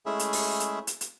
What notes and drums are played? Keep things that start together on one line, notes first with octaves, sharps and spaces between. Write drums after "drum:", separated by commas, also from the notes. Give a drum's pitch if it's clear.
G#3 A3 C#4 E4 G#4 E5
drum: hi-hat
drum: open hi-hat
drum: hi-hat
drum: hi-hat
drum: hi-hat